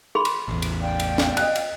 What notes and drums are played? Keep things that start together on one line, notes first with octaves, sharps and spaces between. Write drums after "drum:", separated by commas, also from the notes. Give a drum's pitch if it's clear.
G#4 B5 C6
drum: cymbal
A1 E2
drum: cymbal
D5 F5 G5
drum: cymbal
drum: snare
D#5 F#6, drum: cymbal
drum: cymbal